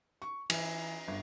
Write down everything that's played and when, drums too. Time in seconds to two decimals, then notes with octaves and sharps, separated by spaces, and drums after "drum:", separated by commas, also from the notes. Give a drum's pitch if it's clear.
0.22 C#6
0.50 E3, drum: cymbal
1.08 G1